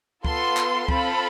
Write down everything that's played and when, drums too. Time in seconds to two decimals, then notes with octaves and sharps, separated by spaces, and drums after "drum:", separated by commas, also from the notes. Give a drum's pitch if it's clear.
0.25 B3 F4 A4 C6, drum: kick
0.57 drum: clap
0.88 C4 F4 A4 B5, drum: kick